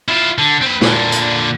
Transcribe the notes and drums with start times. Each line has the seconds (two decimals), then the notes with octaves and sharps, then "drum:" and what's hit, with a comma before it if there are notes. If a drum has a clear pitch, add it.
0.08 E4 F4
0.38 D3
0.62 C4 B4
0.81 A#2 D3, drum: snare
1.12 drum: hi-hat